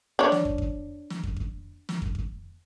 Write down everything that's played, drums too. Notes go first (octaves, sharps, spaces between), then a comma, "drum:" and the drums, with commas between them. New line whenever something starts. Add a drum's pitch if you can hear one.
D4 C#5
drum: snare
drum: kick
drum: kick
drum: snare
drum: kick
drum: kick
drum: snare
drum: kick
drum: kick